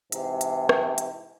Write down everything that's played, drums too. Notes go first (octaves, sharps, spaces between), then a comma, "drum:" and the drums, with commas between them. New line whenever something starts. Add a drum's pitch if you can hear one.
G#2 C3 E3, drum: hi-hat
drum: hi-hat
drum: rim click
drum: hi-hat